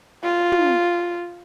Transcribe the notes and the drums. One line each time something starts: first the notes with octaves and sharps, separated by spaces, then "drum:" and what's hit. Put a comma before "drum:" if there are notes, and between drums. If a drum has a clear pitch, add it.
F4
drum: tom